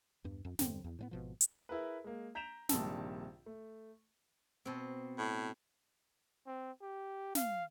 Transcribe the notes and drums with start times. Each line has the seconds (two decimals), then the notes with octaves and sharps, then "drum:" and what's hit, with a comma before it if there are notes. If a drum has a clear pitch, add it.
0.24 E2 G2
0.45 F2
0.59 E2 G2 D3 C4, drum: snare
0.84 E2
0.99 A2 G3 B3
1.11 G#1 B2 F3
1.41 drum: hi-hat
1.69 E4 G#4 A#4 B4
2.04 G#3 A#3
2.35 A#5 G6 B6 D7 E7 F7
2.69 A#1 G2 C3 D#3 A5 E6, drum: snare
3.46 A3
4.65 B2 C4
5.18 A2
6.46 C4
6.81 G4
7.35 F5, drum: snare